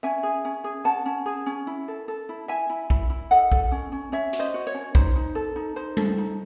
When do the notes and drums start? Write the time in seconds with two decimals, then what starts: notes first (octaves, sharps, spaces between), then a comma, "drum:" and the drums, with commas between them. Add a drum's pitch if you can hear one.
0.03 C#4 E5 G#5
0.23 G#4
0.45 C#4
0.64 G#4
0.84 C#4 F#5 A5
1.06 C#4
1.26 G#4
1.46 C#4
1.67 E4
1.88 A4
2.08 A4
2.29 E4
2.48 E4 E5 G#5
2.70 E4
2.90 E4, drum: kick
3.10 E4
3.31 A4 D#5 F#5
3.52 A4, drum: kick
3.72 C#4
3.92 C#4
4.12 C#4 C#5 E5
4.33 F#4, drum: hi-hat
4.39 C5 D#5
4.54 F#4
4.67 C#5
4.74 C#4
4.95 D#4 C5, drum: kick
5.16 D#4
5.35 A4
5.56 D#4
5.76 D#4 C5
5.97 A4, drum: tom G3
6.18 D#4